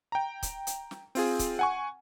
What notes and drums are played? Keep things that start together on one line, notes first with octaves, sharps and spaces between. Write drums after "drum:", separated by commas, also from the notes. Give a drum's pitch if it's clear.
G5 A#5
drum: kick C#1, hi-hat
drum: hi-hat
drum: snare
C4 F4 G#4, drum: open hi-hat
drum: kick C#1, hi-hat
F#5 G#5 C#6